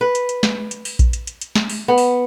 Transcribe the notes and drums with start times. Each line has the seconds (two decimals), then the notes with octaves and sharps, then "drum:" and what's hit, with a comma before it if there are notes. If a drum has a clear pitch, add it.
0.01 B4
0.15 drum: hi-hat
0.29 drum: hi-hat
0.43 drum: snare
0.71 drum: hi-hat
0.85 drum: open hi-hat
0.99 drum: kick A#1, hi-hat
1.13 drum: hi-hat
1.27 drum: hi-hat
1.41 drum: hi-hat
1.55 drum: snare
1.70 drum: open hi-hat
1.88 B3
1.98 drum: open hi-hat